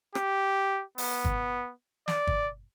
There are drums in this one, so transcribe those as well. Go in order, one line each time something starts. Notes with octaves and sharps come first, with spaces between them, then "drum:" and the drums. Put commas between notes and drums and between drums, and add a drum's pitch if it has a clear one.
G4, drum: rim click
B3, drum: open hi-hat
drum: kick
D5, drum: snare
drum: kick